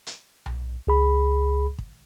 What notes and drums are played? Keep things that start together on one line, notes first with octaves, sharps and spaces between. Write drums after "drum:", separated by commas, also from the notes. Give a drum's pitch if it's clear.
drum: hi-hat
drum: tom B1
C#2 G#4 B5
drum: kick